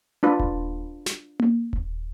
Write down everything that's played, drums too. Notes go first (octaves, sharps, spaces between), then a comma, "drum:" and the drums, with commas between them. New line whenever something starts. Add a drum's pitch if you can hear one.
D4 F4 B4
drum: kick D#1
drum: snare
drum: tom A#3
drum: kick D#1